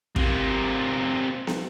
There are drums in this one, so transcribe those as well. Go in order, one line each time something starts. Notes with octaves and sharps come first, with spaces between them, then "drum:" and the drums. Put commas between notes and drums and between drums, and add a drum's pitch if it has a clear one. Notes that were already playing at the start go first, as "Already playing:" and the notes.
C3 A#3, drum: kick
drum: snare